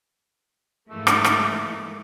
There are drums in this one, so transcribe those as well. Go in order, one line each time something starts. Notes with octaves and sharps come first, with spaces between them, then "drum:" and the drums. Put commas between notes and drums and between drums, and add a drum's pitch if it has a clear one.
G#2 E3 A3 A#3
drum: rim click
drum: rim click